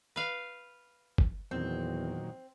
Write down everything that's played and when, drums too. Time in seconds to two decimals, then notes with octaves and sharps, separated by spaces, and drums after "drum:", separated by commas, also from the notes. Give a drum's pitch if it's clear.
0.16 B4 F5
1.18 drum: kick G1
1.51 E2 A#2 D#3 F#3 C4